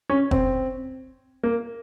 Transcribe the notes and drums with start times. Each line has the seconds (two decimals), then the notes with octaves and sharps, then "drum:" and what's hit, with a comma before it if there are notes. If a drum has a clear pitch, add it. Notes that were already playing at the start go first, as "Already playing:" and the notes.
0.09 C#4
0.31 C4, drum: kick
1.43 A#3